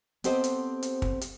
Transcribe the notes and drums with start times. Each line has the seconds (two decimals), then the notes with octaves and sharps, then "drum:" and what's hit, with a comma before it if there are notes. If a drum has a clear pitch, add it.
0.24 B3 C4 G4 A4 C5 D#5, drum: hi-hat
0.44 drum: hi-hat
0.83 drum: hi-hat
1.02 drum: kick
1.21 drum: hi-hat